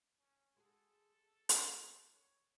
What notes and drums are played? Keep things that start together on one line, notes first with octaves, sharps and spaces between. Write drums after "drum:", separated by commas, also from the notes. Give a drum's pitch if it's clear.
C#4
G#3 F#4 G#4 A4
A#4, drum: hi-hat
C#5